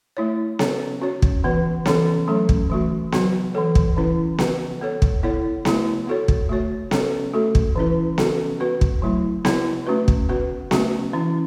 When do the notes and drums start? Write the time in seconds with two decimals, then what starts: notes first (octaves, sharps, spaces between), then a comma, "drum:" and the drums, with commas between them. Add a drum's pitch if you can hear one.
0.17 A3 E4 C#5
0.59 C#4 A4 C#5, drum: snare B3
1.01 C#4 F#4 C#5
1.22 drum: kick
1.44 E3 B3 F#4 B4
1.85 E3 C#4 A4 C#5, drum: snare B3
2.28 F#3 A3 C#4 A4
2.49 drum: kick
2.70 E3 A3 F#4
3.12 F#3 B3 F#4, drum: snare B3
3.54 E3 B3 A4 C#5
3.75 drum: kick
3.97 E3 C#4 E4 B4
4.38 B3 F#4 B4, drum: snare B3
4.81 B3 A4 C#5
5.02 drum: kick
5.23 B3 E4 A4 C#5
5.65 A3 E4 C#5, drum: snare B3
6.07 B3 F#4 A4 C#5
6.28 drum: kick
6.49 A3 F#4 C#5
6.91 C#4 A4 C#5, drum: snare B3
7.34 A3 F#4 A4
7.55 drum: kick
7.76 E3 C#4 E4 B4
8.18 C#4 F#4 A4, drum: snare B3
8.60 B3 F#4 B4
8.81 drum: kick
9.02 F#3 A3 E4
9.45 B3 E4 C#5, drum: snare B3
9.87 A3 C#4 F#4 B4
10.08 drum: kick
10.29 B3 F#4 B4
10.71 A3 C#4 F#4, drum: snare B3
11.13 E3 C#4 E4